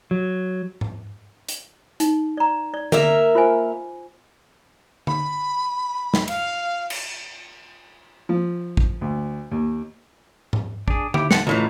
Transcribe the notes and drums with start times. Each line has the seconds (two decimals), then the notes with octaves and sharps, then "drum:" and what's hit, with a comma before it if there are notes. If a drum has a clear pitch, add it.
0.11 F#3
0.81 drum: tom G#2
1.48 drum: hi-hat
2.00 D#4, drum: hi-hat
2.37 D5 A#5
2.74 D5
2.92 A#3 A#4 E5, drum: tom D3
3.35 F4 C5 G#5
5.07 B5, drum: tom D3
6.14 drum: snare
6.28 F5, drum: cymbal
6.90 drum: cymbal
8.29 F3
8.77 drum: kick
9.01 D2
9.51 D#2
10.53 drum: tom G#2
10.88 D4 G#4, drum: kick
11.14 E4 G4, drum: tom D3
11.31 F#5 A5, drum: snare
11.47 C#2 A2 E3 F4 A#5